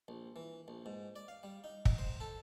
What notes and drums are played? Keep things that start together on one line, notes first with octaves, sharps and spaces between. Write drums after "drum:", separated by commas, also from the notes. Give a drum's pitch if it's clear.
A#1
E3
A#1
G#2
D5
F5
G3
D#4
D#5, drum: kick
C5
A4